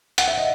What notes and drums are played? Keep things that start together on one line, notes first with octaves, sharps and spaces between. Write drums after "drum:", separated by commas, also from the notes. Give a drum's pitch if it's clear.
F#5, drum: hi-hat
E5
D#5